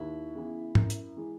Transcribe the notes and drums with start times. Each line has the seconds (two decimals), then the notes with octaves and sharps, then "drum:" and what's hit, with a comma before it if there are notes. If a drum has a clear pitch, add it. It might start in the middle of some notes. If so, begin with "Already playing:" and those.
Already playing: D#2 E4
0.35 C#3 E3 B3
0.75 F#2, drum: tom
0.90 drum: hi-hat
1.17 E3 G#3